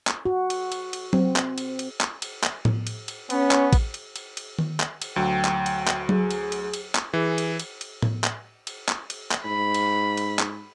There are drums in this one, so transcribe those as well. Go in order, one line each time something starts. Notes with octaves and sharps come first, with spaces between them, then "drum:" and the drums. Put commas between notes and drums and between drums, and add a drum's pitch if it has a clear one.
drum: clap
F#4
drum: cymbal
drum: cymbal
drum: cymbal
C4, drum: tom F#3
drum: clap
drum: cymbal
drum: cymbal
drum: clap
drum: cymbal
drum: clap
drum: tom A2
drum: cymbal
drum: cymbal
B3 C#4, drum: cymbal
drum: clap
drum: kick A1, cymbal
drum: cymbal
drum: cymbal
drum: cymbal
drum: tom D#3
drum: clap
drum: cymbal
D2 F#3 G5
drum: clap
drum: cymbal
drum: clap
G#4, drum: tom F#3
drum: cymbal
drum: cymbal
drum: cymbal
drum: clap
E3 G#4
drum: cymbal
drum: cymbal
drum: cymbal
drum: tom A2
drum: clap
drum: cymbal
drum: clap
drum: cymbal
drum: clap
G#2 B5
drum: cymbal
drum: cymbal
drum: clap